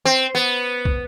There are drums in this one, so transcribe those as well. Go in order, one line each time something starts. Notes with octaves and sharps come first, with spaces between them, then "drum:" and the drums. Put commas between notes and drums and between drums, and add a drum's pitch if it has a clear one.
C4
B3
drum: kick